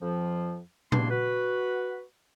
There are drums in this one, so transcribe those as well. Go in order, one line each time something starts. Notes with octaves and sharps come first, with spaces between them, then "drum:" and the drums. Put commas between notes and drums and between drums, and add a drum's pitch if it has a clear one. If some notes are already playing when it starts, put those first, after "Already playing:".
F2 F3
E2 G2 B2 A#3 D4 C6, drum: tom A#2
F#4 B4